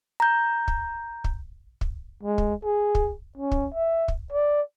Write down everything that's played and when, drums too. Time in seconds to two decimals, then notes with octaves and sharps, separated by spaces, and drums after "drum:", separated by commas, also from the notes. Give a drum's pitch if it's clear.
0.20 A#5 G6
0.68 drum: kick
1.24 drum: kick
1.81 drum: kick
2.23 G#3
2.38 drum: kick
2.64 G#4
2.95 drum: kick
3.37 C#4
3.51 drum: kick
3.74 E5
4.08 drum: kick
4.32 D5